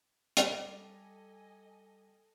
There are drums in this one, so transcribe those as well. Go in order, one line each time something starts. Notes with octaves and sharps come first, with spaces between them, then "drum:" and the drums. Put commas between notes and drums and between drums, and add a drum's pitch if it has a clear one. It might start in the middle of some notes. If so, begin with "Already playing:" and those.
drum: hi-hat
G3 A4 D#5 G#5 B5